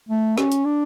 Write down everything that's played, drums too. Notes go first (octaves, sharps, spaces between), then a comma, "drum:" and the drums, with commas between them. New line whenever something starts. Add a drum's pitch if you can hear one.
A3
C#4, drum: snare
drum: hi-hat
D4